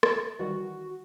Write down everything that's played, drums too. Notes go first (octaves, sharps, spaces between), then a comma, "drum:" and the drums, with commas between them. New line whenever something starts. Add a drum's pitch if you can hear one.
drum: rim click
D#3 E3 G3 F#4